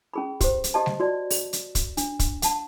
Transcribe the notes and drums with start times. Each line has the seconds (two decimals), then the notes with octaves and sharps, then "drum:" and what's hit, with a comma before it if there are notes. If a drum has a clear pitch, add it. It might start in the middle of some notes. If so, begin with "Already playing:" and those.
0.14 C#4 G#4 B5
0.41 G4 C5, drum: kick, hi-hat
0.64 drum: hi-hat
0.74 G4 D#5 A5
0.86 drum: snare G3
1.00 F#4 D5
1.30 drum: open hi-hat
1.53 drum: hi-hat
1.75 drum: kick, hi-hat
1.97 D4, drum: hi-hat
2.19 drum: kick, hi-hat
2.42 F#5 A5, drum: hi-hat